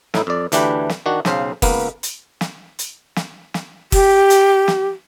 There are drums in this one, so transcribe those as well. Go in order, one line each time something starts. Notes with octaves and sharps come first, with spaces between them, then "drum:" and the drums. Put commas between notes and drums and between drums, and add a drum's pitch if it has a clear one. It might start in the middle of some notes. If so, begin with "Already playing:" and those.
A2 D#4 E4, drum: snare
F2 D5
D2 E3 D4 G4 B4, drum: hi-hat
drum: snare
D#3 D4 F#4
B1 C#3 C5 F5, drum: snare
C#2 A#3 B3, drum: kick, open hi-hat
drum: hi-hat
drum: snare
drum: hi-hat
drum: snare
drum: snare
G4, drum: kick, open hi-hat
drum: hi-hat
drum: snare